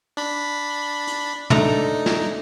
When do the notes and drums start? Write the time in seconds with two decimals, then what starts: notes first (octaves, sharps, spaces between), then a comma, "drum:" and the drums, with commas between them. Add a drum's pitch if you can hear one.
0.17 D4 B5
1.07 drum: hi-hat
1.50 A3 D4 D#4 A#5, drum: tom
2.06 drum: snare